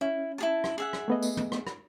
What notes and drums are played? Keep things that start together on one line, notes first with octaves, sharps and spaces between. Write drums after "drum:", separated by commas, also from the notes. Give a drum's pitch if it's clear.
C#4 E4
E4 G#4 A5
drum: rim click
G#4 E5 F#5
drum: rim click
A3 B3 D#5
drum: tambourine
drum: tom
drum: rim click
drum: rim click